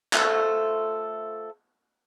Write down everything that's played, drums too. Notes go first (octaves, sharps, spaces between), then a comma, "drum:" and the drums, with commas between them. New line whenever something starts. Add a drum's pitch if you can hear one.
A3 F4 A4 C5, drum: clap